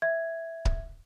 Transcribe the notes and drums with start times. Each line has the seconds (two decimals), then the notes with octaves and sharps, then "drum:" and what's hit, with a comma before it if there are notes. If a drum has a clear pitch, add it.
0.02 E5 G#6
0.65 drum: kick C#1